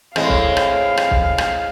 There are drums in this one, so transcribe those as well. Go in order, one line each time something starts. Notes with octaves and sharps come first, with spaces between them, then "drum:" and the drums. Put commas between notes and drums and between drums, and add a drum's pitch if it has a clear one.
A2 G#3 C4 F5, drum: rim click
drum: kick
drum: rim click
drum: rim click
drum: kick
drum: rim click